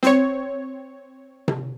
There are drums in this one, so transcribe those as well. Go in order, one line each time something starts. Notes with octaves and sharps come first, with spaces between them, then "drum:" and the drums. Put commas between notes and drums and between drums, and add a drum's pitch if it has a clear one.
C4 C#5, drum: snare
drum: tom C3